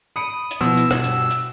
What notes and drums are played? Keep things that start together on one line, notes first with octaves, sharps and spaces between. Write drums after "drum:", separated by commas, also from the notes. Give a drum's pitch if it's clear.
B5 D#6 C#7 D7
drum: hi-hat
B2 E3 F3 E6
drum: hi-hat
G2 B2 F#5, drum: rim click
drum: hi-hat
drum: hi-hat